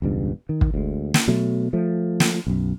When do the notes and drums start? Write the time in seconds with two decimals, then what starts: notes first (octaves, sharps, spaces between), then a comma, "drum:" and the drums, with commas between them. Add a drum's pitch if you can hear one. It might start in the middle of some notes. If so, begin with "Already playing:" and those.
0.02 E1 C#2 G2
0.49 D#3
0.61 drum: kick
0.74 D2 G#3
1.14 drum: snare
1.28 B2 F#3 A3
1.73 F3 A3
2.20 drum: snare
2.47 B1 F#2